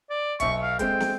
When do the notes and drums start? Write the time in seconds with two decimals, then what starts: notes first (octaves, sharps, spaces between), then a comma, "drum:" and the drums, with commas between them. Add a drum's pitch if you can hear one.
0.10 D5
0.40 B1 E5 C#6, drum: kick C#1, hi-hat
0.63 F5
0.79 G#3 A3 C4 G5, drum: kick C#1, hi-hat
1.00 drum: snare